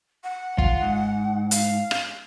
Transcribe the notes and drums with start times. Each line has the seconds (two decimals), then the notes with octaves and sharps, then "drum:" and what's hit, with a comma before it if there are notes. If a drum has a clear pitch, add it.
0.24 F#5
0.58 F4, drum: kick
0.82 G#2
1.51 F5, drum: hi-hat
1.91 drum: rim click